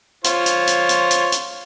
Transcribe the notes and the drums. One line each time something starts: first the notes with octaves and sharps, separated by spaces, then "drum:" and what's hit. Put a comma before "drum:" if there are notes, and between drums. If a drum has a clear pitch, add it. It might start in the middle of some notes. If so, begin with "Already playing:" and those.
F4 C5 C#5, drum: hi-hat
drum: hi-hat
drum: hi-hat
drum: hi-hat
drum: hi-hat
drum: hi-hat